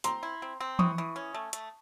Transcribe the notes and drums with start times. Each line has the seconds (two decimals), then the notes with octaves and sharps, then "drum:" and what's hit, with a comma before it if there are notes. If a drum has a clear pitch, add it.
0.04 C4 A#5 C6, drum: hi-hat
0.23 E4
0.42 C4
0.60 C4
0.79 E3 C#6 D#6, drum: tom E3
0.98 E3
1.16 C#4
1.34 A3
1.53 A3, drum: hi-hat